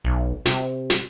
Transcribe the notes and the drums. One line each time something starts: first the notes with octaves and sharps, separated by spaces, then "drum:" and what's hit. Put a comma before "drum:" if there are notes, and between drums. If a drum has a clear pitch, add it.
B1
C3, drum: snare
drum: snare